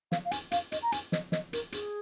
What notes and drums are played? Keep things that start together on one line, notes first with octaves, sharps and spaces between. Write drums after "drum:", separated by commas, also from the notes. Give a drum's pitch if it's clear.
F5, drum: snare
F5
G#5, drum: hi-hat
F5, drum: hi-hat
D#5, drum: hi-hat
A#5
G#5, drum: hi-hat
D#5, drum: snare
D#5, drum: snare
A#4, drum: hi-hat
G#4, drum: hi-hat